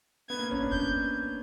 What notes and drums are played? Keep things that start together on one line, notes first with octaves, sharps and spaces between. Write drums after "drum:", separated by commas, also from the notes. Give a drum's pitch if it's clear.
B3 G#6
A#3
C#4, drum: tom
D4
G6, drum: kick